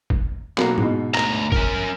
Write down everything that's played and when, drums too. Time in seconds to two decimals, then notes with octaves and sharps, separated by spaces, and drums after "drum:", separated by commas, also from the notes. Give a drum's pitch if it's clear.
0.10 drum: kick G#1
0.57 B1 A#3 F#4, drum: clap
0.78 G#2 B2, drum: tom A2
1.15 D2 A#5, drum: clap
1.52 C#4 A#4, drum: kick G#1